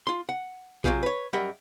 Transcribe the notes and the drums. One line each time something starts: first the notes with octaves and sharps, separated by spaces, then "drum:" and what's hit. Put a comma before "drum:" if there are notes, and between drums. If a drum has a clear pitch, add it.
F4 C6
F#5
C3 F#3 A3 F4 G4 G#4, drum: kick A#1
B4 C#5
F#2 G3 A#4 D#5 E5 F#5